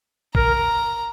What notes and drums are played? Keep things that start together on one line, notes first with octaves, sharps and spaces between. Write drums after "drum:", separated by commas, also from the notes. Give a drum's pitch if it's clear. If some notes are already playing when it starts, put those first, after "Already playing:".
A#4 A#5, drum: kick